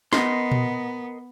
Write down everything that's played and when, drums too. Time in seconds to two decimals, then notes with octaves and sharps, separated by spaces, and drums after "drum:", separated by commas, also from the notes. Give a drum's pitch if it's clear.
0.13 B3 A#4 D#5 C6, drum: snare
0.52 drum: tom A#2